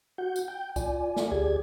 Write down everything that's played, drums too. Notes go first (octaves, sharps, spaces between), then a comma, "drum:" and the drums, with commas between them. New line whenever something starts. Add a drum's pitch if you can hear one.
F#4 F#5 G6
drum: tambourine
G5 G6
F4 D5 G#5, drum: kick C#2, tambourine
drum: snare
D2 G4 G#4 D5 G#6